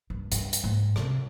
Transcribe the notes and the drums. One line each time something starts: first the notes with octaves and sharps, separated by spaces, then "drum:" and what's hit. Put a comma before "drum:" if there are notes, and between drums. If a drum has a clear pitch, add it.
G2
G2, drum: hi-hat
drum: hi-hat
G#2
C3, drum: rim click